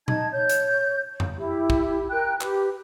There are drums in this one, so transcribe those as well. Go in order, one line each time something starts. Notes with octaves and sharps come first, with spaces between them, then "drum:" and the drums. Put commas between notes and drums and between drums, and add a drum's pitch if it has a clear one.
D#4 D#5 A5 G#6, drum: tom A#2
C#5 G6
drum: hi-hat
drum: tom F2
E4 G4
drum: kick
A#4 G5 F#6
G4 B4, drum: clap